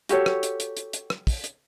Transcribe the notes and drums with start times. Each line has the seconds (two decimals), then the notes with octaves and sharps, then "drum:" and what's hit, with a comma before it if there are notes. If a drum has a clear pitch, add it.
0.09 F#4 G4 A4 C#5, drum: hi-hat
0.26 drum: rim click
0.43 drum: hi-hat
0.60 drum: hi-hat
0.77 drum: hi-hat
0.93 drum: hi-hat
1.10 drum: rim click
1.27 drum: kick, open hi-hat
1.44 drum: hi-hat